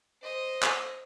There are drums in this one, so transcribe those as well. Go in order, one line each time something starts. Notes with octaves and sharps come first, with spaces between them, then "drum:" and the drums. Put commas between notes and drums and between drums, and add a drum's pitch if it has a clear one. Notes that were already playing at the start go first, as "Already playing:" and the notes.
C5 D#5
drum: clap